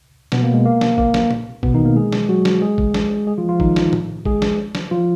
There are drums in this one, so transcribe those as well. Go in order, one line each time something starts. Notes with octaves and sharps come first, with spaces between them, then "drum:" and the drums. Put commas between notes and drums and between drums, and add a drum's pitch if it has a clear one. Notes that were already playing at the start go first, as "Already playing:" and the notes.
B2 B3, drum: snare
A#3
G#3
A#3
drum: snare
A#3, drum: kick G#1
drum: snare
drum: tom A#2
B2 B3, drum: kick G#1
D#3 D#4
A#3 A#4
G#3 G#4
drum: snare
F#3 F#4
drum: snare
G#3 G#4
drum: kick G#1
drum: snare
G#3 G#4
F3 F4
F3 F4
D#3 D#4, drum: kick G#1
drum: snare
drum: tom
G#3 G#4, drum: kick G#1
drum: snare
drum: snare
F3 F4